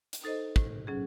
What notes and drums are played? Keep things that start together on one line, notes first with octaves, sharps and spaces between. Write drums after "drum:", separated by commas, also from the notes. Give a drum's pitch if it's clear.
drum: hi-hat
D#4 A4 C5 D#5
A2, drum: kick
F#3 C#4 G#4